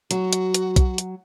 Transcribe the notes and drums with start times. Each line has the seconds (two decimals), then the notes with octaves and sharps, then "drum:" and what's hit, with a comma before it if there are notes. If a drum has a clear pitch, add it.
0.11 F#3 F#4, drum: hi-hat
0.33 drum: hi-hat
0.54 drum: hi-hat
0.76 drum: kick, hi-hat
0.98 drum: hi-hat